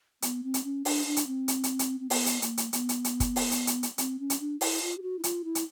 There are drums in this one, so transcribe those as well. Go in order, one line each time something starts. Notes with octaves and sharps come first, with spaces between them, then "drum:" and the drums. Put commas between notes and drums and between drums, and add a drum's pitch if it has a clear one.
B3, drum: hi-hat
C4
drum: hi-hat
C#4
D4, drum: open hi-hat
D4
drum: hi-hat
C4
drum: hi-hat
drum: hi-hat
drum: hi-hat
C4
B3, drum: open hi-hat
drum: hi-hat
A#3, drum: hi-hat
drum: hi-hat
B3, drum: hi-hat
drum: hi-hat
drum: hi-hat
drum: kick, hi-hat
drum: open hi-hat
drum: hi-hat
drum: hi-hat
drum: hi-hat
C4, drum: hi-hat
C#4
drum: hi-hat
D4
E4, drum: open hi-hat
F4
G4
F#4
E4
F4, drum: hi-hat
E4
drum: hi-hat